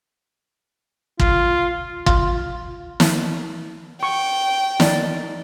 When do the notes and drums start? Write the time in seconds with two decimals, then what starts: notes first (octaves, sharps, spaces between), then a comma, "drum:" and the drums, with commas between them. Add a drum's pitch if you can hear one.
1.20 F4, drum: kick
2.06 F4, drum: kick
3.00 drum: snare
4.03 G5 C#6
4.80 D#4 D5, drum: snare